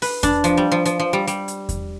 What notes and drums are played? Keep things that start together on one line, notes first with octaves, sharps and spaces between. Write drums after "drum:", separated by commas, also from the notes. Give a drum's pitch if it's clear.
B4, drum: open hi-hat
D4, drum: kick E2, hi-hat
F3, drum: hi-hat
G3
F3
F3, drum: hi-hat
F3
G3
G3, drum: hi-hat
drum: hi-hat
drum: kick E2, hi-hat